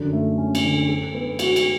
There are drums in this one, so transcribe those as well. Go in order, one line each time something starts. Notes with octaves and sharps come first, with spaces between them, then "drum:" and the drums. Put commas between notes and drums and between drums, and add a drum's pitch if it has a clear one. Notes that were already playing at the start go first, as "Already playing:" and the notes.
Already playing: F#2 D3
A3
C#4
drum: cymbal
D3
A4
B3
F#4, drum: cymbal
drum: cymbal